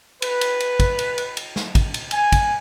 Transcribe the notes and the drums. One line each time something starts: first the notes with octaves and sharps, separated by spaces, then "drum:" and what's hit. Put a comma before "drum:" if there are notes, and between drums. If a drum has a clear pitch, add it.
B4, drum: cymbal
drum: cymbal
drum: cymbal
drum: kick, cymbal
drum: cymbal
drum: cymbal
drum: cymbal
drum: snare
drum: kick, cymbal
drum: cymbal
G#5, drum: cymbal
drum: kick, cymbal